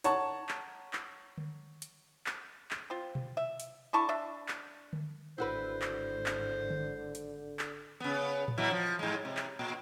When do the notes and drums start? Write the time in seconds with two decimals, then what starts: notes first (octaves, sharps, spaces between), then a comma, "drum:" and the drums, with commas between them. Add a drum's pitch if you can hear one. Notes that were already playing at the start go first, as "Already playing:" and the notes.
0.04 C#5 F#5 A5 A#5 C#6, drum: hi-hat
0.49 drum: clap
0.93 drum: clap
1.38 drum: tom D3
1.82 drum: hi-hat
2.26 drum: clap
2.71 drum: clap
2.90 C4 F4
3.15 drum: tom B2
3.37 E5
3.60 drum: hi-hat
3.93 D3 E4 A5 C#6
4.09 D4 E5
4.48 drum: clap
4.93 drum: tom D3
5.38 G#1 D3 E4 F#4 B4 C5
5.82 drum: clap
6.26 drum: clap
6.70 drum: tom D3
7.15 drum: hi-hat
7.59 drum: clap
8.00 C#3 B3
8.48 drum: tom A2
8.58 B2 F#3 E4
8.71 F3
8.99 G#2 G#3
9.25 C3
9.37 drum: clap
9.59 A#2